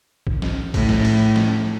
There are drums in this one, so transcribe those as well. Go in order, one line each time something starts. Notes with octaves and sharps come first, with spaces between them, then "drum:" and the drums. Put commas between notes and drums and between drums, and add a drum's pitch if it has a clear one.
drum: kick
drum: snare
A2, drum: kick, cymbal
drum: snare
drum: cymbal
drum: snare